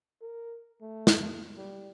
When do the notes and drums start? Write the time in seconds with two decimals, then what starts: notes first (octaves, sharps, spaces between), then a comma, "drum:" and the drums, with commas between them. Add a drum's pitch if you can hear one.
0.22 A#4
0.82 A3
1.07 drum: snare
1.57 G3